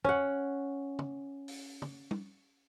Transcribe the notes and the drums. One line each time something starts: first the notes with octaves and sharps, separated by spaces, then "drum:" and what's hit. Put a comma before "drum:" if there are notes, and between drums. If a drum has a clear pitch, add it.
C#4 F#5, drum: tom
drum: tom
drum: open hi-hat
drum: tom
drum: tom